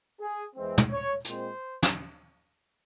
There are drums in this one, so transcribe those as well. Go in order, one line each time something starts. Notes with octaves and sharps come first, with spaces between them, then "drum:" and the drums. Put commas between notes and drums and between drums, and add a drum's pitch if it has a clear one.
G#4
E2 E3 G#3 C4
drum: tom
C#5
A#2 G#3 C4 C5, drum: hi-hat
drum: snare